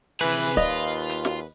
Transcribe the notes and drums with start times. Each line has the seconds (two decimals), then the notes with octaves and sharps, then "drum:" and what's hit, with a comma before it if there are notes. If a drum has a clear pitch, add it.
0.21 C3 E3 G#4 B4
0.57 D#2 F4 D#5, drum: kick D1
1.10 drum: hi-hat
1.25 drum: snare